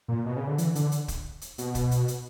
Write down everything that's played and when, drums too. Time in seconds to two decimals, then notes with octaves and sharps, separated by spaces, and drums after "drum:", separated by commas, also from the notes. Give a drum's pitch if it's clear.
0.08 A#2
0.26 B2
0.36 C#3
0.47 D3
0.58 E3, drum: hi-hat
0.75 D3, drum: hi-hat
0.92 drum: hi-hat
1.08 drum: kick, hi-hat
1.41 drum: hi-hat
1.58 B2, drum: hi-hat
1.75 drum: kick, hi-hat
1.91 drum: hi-hat
2.08 drum: hi-hat